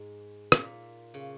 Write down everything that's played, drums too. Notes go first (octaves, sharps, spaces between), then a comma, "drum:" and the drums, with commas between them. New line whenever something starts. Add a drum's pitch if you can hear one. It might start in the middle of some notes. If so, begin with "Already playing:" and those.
Already playing: G#2
A#2, drum: rim click
C#3